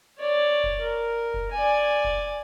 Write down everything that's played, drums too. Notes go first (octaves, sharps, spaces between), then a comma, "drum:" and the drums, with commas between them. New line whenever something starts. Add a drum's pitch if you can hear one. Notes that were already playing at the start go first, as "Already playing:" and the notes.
C#5 D5
drum: kick F1
A#4
drum: kick F1
D5 G#5
drum: kick F1